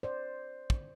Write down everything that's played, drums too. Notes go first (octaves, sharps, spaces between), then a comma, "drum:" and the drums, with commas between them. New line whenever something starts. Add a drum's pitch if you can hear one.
C5 D5
drum: kick